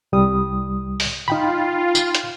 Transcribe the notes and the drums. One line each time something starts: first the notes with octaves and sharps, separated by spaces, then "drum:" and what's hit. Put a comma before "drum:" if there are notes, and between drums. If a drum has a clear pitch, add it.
C2 G3 D#6
drum: open hi-hat
D#4 F4 G5 B5
drum: tambourine
drum: hi-hat